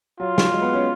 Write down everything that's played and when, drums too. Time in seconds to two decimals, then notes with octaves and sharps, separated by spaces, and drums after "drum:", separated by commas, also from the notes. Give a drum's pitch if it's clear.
0.20 F#3 F4
0.38 drum: snare
0.52 G#3
0.62 B3
0.73 C#4